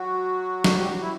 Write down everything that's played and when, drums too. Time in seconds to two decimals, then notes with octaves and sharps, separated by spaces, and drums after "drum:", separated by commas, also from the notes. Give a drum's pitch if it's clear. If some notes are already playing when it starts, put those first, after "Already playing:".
Already playing: F#3 F#4
0.64 drum: snare
0.78 G4
0.90 F#4
1.02 E4